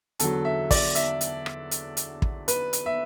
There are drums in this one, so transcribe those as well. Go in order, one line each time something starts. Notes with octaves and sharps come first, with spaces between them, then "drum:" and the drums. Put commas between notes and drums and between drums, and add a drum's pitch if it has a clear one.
E2 D3 F#3 A4, drum: hi-hat
E5
D5, drum: kick, open hi-hat
E5, drum: hi-hat
drum: hi-hat
drum: rim click
drum: hi-hat
drum: hi-hat
drum: kick
B4, drum: hi-hat
drum: hi-hat
E5